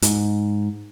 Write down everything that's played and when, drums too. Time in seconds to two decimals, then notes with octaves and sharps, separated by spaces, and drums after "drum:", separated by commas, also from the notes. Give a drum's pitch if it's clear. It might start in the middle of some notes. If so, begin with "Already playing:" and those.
0.02 G#2, drum: hi-hat